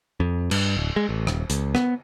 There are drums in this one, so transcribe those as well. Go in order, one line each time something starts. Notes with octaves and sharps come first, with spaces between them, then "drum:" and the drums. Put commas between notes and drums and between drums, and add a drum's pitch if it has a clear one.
F2
G2, drum: cymbal
D1
G#3
A1
D#1, drum: rim click
C#2, drum: hi-hat
B3, drum: rim click